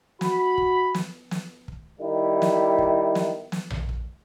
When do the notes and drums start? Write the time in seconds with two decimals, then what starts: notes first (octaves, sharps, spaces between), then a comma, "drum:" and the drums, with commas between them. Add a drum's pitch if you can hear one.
0.21 F#4 B5, drum: snare
0.58 drum: kick
0.94 drum: snare
1.31 drum: snare
1.68 drum: kick
2.00 D#3 G3 E4
2.42 drum: snare
2.78 drum: kick
3.15 drum: snare
3.52 drum: snare
3.70 drum: tom A#1
3.89 drum: kick